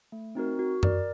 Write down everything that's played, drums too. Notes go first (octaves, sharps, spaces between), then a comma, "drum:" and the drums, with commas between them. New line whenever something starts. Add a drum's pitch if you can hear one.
A3
C4 D#4 F#4 A#4
F#4
A#4 D5, drum: tom F#2